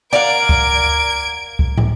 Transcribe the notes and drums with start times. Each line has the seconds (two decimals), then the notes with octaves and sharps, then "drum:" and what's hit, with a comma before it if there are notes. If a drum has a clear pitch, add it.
0.13 A#4 D5 F5 F#5 G#6 D7
0.49 drum: kick C#2
1.59 drum: kick C#2
1.78 drum: tom